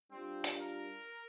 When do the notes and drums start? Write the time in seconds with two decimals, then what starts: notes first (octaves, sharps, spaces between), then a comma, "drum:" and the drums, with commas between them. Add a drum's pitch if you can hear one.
0.10 G3 C4 D4 F4
0.44 drum: hi-hat
0.60 A#4